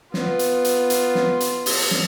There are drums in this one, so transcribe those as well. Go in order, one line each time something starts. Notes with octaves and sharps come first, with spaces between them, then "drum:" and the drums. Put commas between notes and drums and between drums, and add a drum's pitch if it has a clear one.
B3 F4, drum: snare
drum: hi-hat
drum: hi-hat
drum: hi-hat
drum: snare
drum: hi-hat
drum: open hi-hat
drum: snare